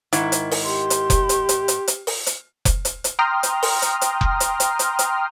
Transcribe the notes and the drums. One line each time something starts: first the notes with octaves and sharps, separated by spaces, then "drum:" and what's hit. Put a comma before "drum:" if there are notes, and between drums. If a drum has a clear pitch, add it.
G#2 D#3 E4, drum: hi-hat
drum: hi-hat
drum: open hi-hat
G4 C6
drum: hi-hat
drum: kick F1, hi-hat
drum: hi-hat
drum: hi-hat
drum: hi-hat
drum: hi-hat
drum: open hi-hat
drum: hi-hat
drum: kick F1, hi-hat
drum: hi-hat
drum: hi-hat
G5 A#5 C6 D#6 F6
drum: hi-hat
drum: open hi-hat
drum: hi-hat
drum: hi-hat
drum: kick F1
drum: hi-hat
drum: hi-hat
drum: hi-hat
drum: hi-hat